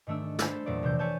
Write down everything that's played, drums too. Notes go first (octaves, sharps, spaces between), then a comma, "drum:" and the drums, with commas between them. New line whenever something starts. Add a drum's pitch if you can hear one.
G#2 D#3 A3 D4 E6
A4 C5 A5 B5 E6, drum: snare
E2 A#2 F#3 A3 D5
F1 C3 E3 G6
A3 C#5 G#5 A5 G6 E7